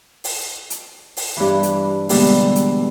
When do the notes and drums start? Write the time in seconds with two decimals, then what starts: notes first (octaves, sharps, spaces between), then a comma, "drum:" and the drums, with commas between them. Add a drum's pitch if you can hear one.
0.24 drum: open hi-hat
0.70 drum: hi-hat
1.17 drum: open hi-hat
1.37 G2 E3
1.63 drum: hi-hat
2.09 B2 D3 E3 G3 G#3 A#3, drum: open hi-hat
2.56 drum: hi-hat